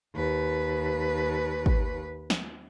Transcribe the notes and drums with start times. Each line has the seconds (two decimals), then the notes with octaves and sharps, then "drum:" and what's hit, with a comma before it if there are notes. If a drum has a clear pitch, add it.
0.15 D#2 B4
1.66 drum: kick G#1
2.30 drum: snare